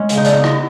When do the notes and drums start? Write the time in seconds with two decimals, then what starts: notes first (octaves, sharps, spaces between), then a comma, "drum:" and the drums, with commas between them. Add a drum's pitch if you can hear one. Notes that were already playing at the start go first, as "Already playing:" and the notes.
Already playing: G#3 C#4
0.09 C#3, drum: hi-hat
0.17 D#4
0.25 D4, drum: hi-hat
0.32 B3 D#4
0.44 drum: rim click